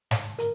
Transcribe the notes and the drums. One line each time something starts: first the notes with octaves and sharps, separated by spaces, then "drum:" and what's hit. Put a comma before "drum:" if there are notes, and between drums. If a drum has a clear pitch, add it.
G#2, drum: snare
A#4, drum: hi-hat